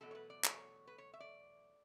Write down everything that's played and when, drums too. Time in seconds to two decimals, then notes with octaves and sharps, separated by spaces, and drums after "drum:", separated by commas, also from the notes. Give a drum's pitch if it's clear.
0.01 E2 B2 F#3 A3 A4
0.11 C#5
0.15 B4
0.30 D5
0.44 C#5, drum: clap
0.87 B4
0.98 C#5
1.14 E5
1.20 D5